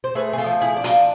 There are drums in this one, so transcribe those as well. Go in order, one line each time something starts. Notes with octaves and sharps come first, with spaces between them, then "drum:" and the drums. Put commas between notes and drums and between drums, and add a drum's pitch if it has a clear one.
C5
A3 G#4 B4
G#4
F4 A4
F3
E4 G#4
D4
F4, drum: hi-hat